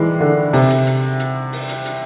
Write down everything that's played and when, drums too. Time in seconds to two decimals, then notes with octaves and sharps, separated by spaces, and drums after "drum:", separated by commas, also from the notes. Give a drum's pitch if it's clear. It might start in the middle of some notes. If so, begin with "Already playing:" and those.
Already playing: D#3 E3 G3 G#3
0.20 D3
0.53 C3, drum: open hi-hat
0.70 drum: hi-hat
0.87 drum: hi-hat
1.20 drum: hi-hat
1.53 drum: open hi-hat
1.69 drum: hi-hat
1.85 drum: hi-hat